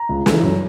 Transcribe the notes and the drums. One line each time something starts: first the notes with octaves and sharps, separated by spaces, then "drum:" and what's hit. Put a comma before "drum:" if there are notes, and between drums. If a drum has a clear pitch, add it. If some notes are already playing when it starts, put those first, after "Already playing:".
Already playing: A#5
C#2
C#3 E3, drum: snare
F#2